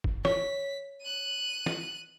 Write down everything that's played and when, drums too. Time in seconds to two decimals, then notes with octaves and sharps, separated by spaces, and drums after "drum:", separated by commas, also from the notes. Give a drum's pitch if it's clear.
0.04 drum: kick
0.25 C#5 B6, drum: snare
1.02 F#6 D#7
1.66 drum: snare